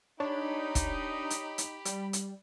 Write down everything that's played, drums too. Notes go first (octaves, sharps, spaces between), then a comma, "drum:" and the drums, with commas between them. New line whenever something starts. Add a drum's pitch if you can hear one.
D4 D#4 G4 C#5 B5
drum: kick, hi-hat
drum: hi-hat
drum: hi-hat
G3, drum: hi-hat
drum: hi-hat